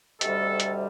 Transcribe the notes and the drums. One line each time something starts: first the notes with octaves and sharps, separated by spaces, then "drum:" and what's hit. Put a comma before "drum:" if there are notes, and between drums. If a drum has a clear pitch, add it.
D2 C3 D#3 G3 A4, drum: hi-hat
drum: hi-hat